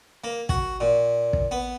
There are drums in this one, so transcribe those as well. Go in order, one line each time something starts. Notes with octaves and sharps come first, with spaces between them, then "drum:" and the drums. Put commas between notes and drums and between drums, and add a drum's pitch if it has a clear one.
A#3
F#4, drum: kick
A#2
drum: kick
B3